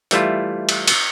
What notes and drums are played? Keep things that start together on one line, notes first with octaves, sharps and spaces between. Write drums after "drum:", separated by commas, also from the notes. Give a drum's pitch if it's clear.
E3 G3 A3 E4 F4, drum: hi-hat
drum: cymbal
drum: cymbal